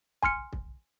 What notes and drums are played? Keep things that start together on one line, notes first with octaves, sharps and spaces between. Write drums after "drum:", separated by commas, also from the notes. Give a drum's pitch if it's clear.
G#5 C6 F6 C#7, drum: kick
drum: kick